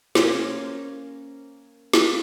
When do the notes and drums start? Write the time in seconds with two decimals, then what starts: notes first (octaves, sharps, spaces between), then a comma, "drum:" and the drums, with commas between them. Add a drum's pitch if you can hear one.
0.15 A#3 C#4 C5, drum: snare
1.93 drum: snare